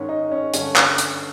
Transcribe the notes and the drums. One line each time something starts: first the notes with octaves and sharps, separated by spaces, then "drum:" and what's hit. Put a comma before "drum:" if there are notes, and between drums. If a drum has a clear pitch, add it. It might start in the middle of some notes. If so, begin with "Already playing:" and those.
Already playing: G#2 D#3 C#4
D#4
C#4
G2 D3 C#4, drum: hi-hat
drum: clap
drum: hi-hat